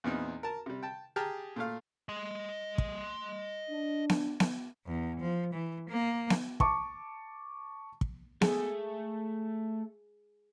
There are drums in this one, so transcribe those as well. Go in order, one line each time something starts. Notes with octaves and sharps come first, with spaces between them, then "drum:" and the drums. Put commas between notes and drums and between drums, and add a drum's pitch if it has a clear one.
E2 A#2 B3 C4 D#4 D#6
A#4 A5
C3 G3
G5 A5
G4 G#4 G5 A5 A#5 F6
A#2 A3 F5
D#5 C6
drum: kick
D4
drum: snare B3
drum: snare B3
E2
F3
E3
A#3
drum: snare B3
A5 C#6 D6, drum: kick
drum: kick
A3 G#4, drum: snare B3